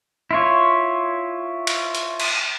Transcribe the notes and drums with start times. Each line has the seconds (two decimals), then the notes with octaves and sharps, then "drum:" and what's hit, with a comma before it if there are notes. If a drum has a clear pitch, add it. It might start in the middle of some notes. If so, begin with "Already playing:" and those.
0.31 E4 F4 C#5
1.67 drum: cymbal
1.95 drum: hi-hat
2.20 drum: cymbal